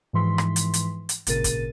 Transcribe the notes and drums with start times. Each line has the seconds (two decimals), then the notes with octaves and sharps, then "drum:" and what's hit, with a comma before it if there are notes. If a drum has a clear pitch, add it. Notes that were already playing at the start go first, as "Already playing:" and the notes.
0.13 G#2 E3 F3 C6 B6
0.38 drum: rim click
0.56 drum: hi-hat
0.74 drum: hi-hat
1.09 drum: hi-hat
1.27 G#1 A#2 C#3 A#4 A6 D#7, drum: hi-hat
1.44 drum: kick, hi-hat